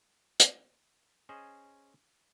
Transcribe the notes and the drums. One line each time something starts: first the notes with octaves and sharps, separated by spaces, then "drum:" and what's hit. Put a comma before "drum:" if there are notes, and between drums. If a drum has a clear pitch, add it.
drum: hi-hat
C#4 G#4 C5 D#5